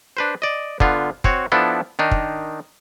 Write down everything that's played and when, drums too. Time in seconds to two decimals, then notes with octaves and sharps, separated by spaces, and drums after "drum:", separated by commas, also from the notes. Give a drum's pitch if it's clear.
0.17 D4 B4 C5
0.42 D5 D#5
0.80 D3 B3 F4, drum: kick
1.24 C4 F#4 C#5, drum: kick
1.52 F3 B3 D4 E4 A4
1.99 D#3 D4 D#4
2.11 drum: kick